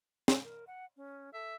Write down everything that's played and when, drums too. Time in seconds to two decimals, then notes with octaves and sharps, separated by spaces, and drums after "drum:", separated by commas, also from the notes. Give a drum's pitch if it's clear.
0.28 drum: snare
0.44 A#4
0.67 F#5
0.96 C#4
1.33 A4 E5